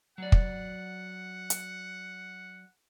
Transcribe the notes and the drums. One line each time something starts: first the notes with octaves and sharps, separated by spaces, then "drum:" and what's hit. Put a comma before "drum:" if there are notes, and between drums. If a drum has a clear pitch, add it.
F#3 D5 F#5
drum: kick
drum: hi-hat